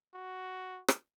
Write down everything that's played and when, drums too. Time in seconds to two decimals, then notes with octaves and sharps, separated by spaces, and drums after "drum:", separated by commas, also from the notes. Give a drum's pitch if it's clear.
0.15 F#4
0.88 drum: rim click